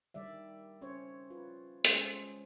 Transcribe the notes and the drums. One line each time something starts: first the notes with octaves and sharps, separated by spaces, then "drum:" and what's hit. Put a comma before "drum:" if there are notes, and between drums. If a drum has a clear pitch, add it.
D#3 G3 D5 E5
C#4 C5 C#5
F4 B4
G#3 C#4 G#4 C5, drum: hi-hat